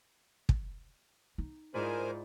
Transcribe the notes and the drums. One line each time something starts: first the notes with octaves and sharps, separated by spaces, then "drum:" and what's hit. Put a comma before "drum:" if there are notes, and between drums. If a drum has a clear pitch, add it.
drum: kick
D#4
G#2 E4 F4 A#4 C5 D5 G#5